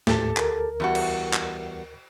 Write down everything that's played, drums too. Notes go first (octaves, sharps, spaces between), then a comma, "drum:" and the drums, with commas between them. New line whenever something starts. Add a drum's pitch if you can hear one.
D#2 A2 A3 G4 A4 A5, drum: snare
D2 A#4, drum: clap
E2 G3 F#4
drum: cymbal
drum: clap